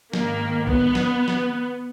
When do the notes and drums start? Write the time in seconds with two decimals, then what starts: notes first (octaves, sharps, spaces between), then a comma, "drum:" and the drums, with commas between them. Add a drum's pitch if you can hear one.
0.13 G#2 D#3 A#3, drum: snare
0.67 B3, drum: kick
0.95 drum: snare
1.28 drum: snare